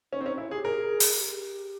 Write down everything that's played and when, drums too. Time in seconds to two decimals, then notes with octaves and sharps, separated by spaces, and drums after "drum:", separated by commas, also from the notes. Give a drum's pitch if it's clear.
0.13 C#4 D#4
0.21 C4
0.26 C#4
0.38 E4
0.51 G#4
0.54 G4
0.64 G#4 A#4
1.00 drum: open hi-hat
1.16 G4